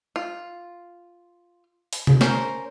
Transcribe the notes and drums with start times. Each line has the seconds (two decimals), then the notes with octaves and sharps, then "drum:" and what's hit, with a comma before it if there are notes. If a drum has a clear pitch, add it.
0.16 F4
1.93 drum: open hi-hat
2.07 drum: tom C3
2.21 C#4 A#4 C5, drum: snare A#3